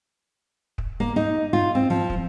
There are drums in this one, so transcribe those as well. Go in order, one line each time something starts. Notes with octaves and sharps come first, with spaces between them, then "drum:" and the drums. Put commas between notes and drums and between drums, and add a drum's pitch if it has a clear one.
drum: kick
A#3
D#4
F4
C4
F3
drum: kick